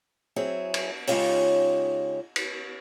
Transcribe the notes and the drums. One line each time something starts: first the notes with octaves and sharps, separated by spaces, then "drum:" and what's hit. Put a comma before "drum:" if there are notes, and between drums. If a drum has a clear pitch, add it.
F#3 C4 E4 G#4
drum: cymbal
C#3 G#3 D#4 F4 G4 C#5, drum: open hi-hat
drum: cymbal